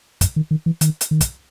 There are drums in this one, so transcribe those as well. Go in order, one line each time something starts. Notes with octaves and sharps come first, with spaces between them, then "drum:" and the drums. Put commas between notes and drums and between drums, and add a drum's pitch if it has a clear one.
F#2, drum: kick, hi-hat
D#3
D#3
E3
D#3, drum: hi-hat
drum: hi-hat
D#3
drum: kick, hi-hat